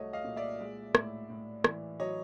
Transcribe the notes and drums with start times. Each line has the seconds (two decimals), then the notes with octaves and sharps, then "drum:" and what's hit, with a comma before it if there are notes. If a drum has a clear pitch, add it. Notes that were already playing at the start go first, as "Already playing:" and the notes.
Already playing: C2 F#3 A3 C#5 D#5
0.13 D#5 F5
0.24 A#2
0.36 D5 E5
0.60 G#3
0.95 A2, drum: rim click
1.30 A2
1.64 E3, drum: rim click
2.00 F#3 C#5 D#5